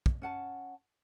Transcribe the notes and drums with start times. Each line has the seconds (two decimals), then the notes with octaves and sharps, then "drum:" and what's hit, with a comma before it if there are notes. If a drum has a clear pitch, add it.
0.06 drum: kick
0.22 C#4 F#5 A5